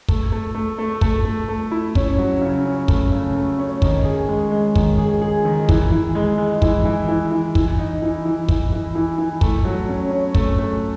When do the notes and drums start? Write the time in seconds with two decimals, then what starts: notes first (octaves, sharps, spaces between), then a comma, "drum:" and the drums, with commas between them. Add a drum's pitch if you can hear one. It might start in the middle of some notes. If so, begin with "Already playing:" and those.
0.08 A3, drum: kick
0.32 A3
0.55 A3
0.78 A3
1.01 A3, drum: kick
1.25 A3
1.49 A3
1.71 E4
1.95 C#4, drum: kick
2.18 F#3
2.41 C#3
2.65 C#4
2.88 A3, drum: kick
3.12 C#3
3.35 A3
3.59 C#4
3.82 D#3, drum: kick
4.05 G#4
4.29 G#3
4.51 G#3
4.75 D#3, drum: kick
4.98 G#4
5.22 G#4
5.45 D#3
5.69 E3, drum: kick
5.92 E3
6.15 G#3
6.38 G#3
6.62 E3, drum: kick
6.85 E3
7.08 E3
7.31 E3
7.55 E3, drum: kick
7.78 D#4
8.02 E3
8.25 E3
8.49 E3, drum: kick
8.72 E3
8.95 E3
9.18 E3
9.41 A3, drum: kick
9.65 F#3
9.89 C#4
10.11 C#4
10.35 A3, drum: kick
10.59 A3